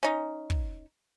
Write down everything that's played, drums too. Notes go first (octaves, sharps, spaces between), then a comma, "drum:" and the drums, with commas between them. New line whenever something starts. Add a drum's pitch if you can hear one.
C#4 D#4
drum: kick